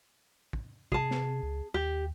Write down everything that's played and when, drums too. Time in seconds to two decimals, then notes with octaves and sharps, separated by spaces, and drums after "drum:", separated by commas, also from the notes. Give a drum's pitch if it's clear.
0.53 drum: kick
0.92 C3 G#4 A5, drum: kick
1.11 drum: snare
1.43 C#2
1.74 D#2 G4